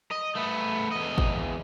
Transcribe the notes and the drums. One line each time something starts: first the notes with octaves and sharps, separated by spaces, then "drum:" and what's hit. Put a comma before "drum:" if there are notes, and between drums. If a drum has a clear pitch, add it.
D#5
A3 B3
E2 D#5
drum: kick G#1